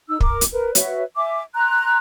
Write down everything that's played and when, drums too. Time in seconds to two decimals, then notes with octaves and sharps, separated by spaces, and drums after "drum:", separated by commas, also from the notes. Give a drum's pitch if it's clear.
0.09 D#4 E6
0.20 A#4 D6, drum: kick
0.41 drum: hi-hat
0.52 A#4 B4
0.75 F#4 B4 C#5 E5, drum: hi-hat
1.17 E5 G#5 D6
1.55 A#5 C6 F#6